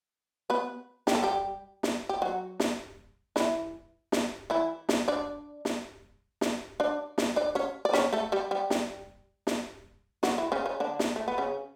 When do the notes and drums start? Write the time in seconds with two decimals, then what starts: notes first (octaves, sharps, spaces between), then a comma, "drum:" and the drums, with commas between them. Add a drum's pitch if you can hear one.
0.50 B3 B4
1.07 G4, drum: snare
1.15 A4
1.23 G3 G4
1.83 drum: snare
2.09 G4
2.22 F#3 F#4
2.60 drum: snare
3.36 E3 E4, drum: snare
4.12 drum: snare
4.50 E3 E4
4.89 drum: snare
5.08 D4 D5
5.65 drum: snare
6.41 drum: snare
6.80 D4 D5
7.18 drum: snare
7.36 D4 D5
7.55 C#4 C#5
7.85 D5
7.93 C#4 C#5, drum: snare
8.13 A3 A4
8.32 G3 G4
8.51 G3 G4
8.70 drum: snare
9.47 drum: snare
10.23 F#3 F#4, drum: snare
10.38 E3 E4
10.52 C#3 C#4
10.66 C#3 C#4
10.80 D3 D4
10.99 drum: snare
11.16 A3
11.28 B3
11.38 C#3 C#4